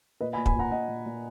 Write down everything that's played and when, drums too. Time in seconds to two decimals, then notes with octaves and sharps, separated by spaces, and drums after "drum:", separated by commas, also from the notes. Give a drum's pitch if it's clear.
0.21 A#2 B4 D#5
0.33 G#5 B5
0.37 A#2
0.46 G#5 B5, drum: kick
0.55 A#2 F#5 A#5
0.71 A#2 D#5 F#5
0.89 A#2
1.06 A#2